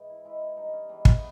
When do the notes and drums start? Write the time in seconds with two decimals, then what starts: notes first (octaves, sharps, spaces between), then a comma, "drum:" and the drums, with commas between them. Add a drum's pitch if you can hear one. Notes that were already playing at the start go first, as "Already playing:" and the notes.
Already playing: G#2 E3 G#4
0.10 E4
0.25 E3 G#3 E4
0.41 E4
0.57 G2 D#4
0.73 C#4
0.89 E3 G#3 B3
1.05 B3, drum: kick